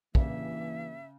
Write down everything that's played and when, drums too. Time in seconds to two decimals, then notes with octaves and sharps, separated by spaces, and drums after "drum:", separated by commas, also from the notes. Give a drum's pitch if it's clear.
0.15 G2 C#3 E3 A#3 E5, drum: kick